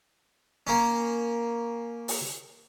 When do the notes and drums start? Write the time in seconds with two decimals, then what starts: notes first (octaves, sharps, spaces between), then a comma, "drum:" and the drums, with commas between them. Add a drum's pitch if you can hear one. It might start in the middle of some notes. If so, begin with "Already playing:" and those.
0.67 A#3 C#4
2.08 drum: open hi-hat